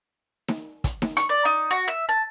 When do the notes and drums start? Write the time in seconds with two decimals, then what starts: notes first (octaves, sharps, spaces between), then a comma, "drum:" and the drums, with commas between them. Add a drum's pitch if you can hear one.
0.48 drum: snare D#4
0.84 drum: kick, hi-hat
1.02 drum: snare D#4
1.17 C#6, drum: hi-hat
1.29 D5
1.45 D#4
1.71 F#4
1.88 E5
2.09 A5